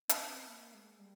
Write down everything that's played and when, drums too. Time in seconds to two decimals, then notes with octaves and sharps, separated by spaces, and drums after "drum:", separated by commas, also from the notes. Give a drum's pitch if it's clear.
0.09 C4, drum: hi-hat
0.28 C4
0.48 A#3
0.74 G#3
0.99 G3